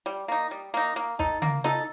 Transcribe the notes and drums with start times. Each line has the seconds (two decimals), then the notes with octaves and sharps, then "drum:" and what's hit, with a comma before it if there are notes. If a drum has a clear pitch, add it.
0.06 G3
0.28 A#3 D#4
0.51 G3
0.74 A#3 D#4
0.96 A#3
1.19 D#4 A4, drum: kick
1.42 A#3, drum: tom C#3
1.64 D#4 A4, drum: snare